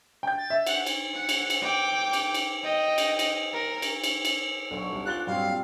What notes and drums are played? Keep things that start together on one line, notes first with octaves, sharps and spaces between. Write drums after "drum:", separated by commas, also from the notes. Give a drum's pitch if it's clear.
G5 G6
A6
E5
F#5, drum: cymbal
drum: cymbal
F#5
drum: cymbal
drum: cymbal
G5 D6
drum: cymbal
drum: cymbal
D#5 G5
drum: cymbal
drum: cymbal
A#4
drum: cymbal
drum: cymbal
drum: cymbal
B1 D3 C#6
C2
F4 D5 F#6 A6 G7
G2 F#3 C4 G4 F5
A#2